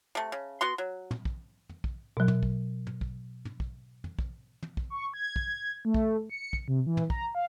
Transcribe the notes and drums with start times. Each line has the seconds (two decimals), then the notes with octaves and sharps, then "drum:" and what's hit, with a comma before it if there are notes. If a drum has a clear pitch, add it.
0.15 C3 A3
0.32 C#3
0.61 B3 F#4 C6
0.78 F#3
1.11 drum: tom
1.25 drum: kick
1.69 drum: tom
1.84 drum: kick
2.17 B2 F#3
2.28 drum: tom
2.43 drum: kick
2.87 drum: tom
3.01 drum: kick
3.45 drum: tom
3.60 drum: kick
4.04 drum: tom
4.19 drum: kick
4.63 drum: tom
4.77 drum: kick
4.90 C#6
5.14 G#6
5.36 drum: kick
5.85 A3
5.94 drum: kick
6.30 C#7
6.53 drum: kick
6.68 C3
6.86 E3
6.97 drum: tom
7.10 A#5, drum: kick
7.35 F5